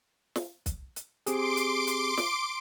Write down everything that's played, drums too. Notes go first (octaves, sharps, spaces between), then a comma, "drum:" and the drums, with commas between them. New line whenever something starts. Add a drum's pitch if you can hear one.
drum: snare
drum: kick, hi-hat
drum: hi-hat
C4 G4 G#4 C6 D6 D7, drum: hi-hat
drum: hi-hat
drum: hi-hat
drum: snare